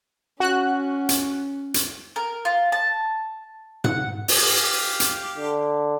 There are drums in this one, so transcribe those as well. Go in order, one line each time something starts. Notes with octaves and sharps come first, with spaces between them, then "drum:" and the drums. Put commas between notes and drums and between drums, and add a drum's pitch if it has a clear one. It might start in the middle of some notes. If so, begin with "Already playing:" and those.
C#4 F#4 F#6
drum: hi-hat
drum: hi-hat
A#4
F4
A5
F#5, drum: tom G#2
drum: open hi-hat
G4 F5
drum: hi-hat
D3